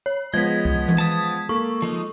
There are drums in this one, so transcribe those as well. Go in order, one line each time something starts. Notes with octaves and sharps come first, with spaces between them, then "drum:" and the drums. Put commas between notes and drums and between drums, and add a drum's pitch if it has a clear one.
C#5
F3 G#3 B3 D#5 G#6 B6
drum: kick C2
drum: tom E3
A5 D#6
A#3 A4 C#6
F3 G#3 D#4